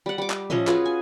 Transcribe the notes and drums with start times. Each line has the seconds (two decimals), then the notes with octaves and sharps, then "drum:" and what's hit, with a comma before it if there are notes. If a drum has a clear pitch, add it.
0.06 G3 F#5
0.18 G3 D6
0.30 drum: clap
0.50 F3 C#4 D#5 E5, drum: tom
0.67 F4 F#4 G#4 B4, drum: clap
0.85 G#5